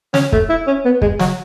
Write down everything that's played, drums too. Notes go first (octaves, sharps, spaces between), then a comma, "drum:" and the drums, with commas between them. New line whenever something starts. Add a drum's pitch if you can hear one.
C#4, drum: snare
A3, drum: kick
E4
C#4
B3
G#3, drum: kick
F#3, drum: snare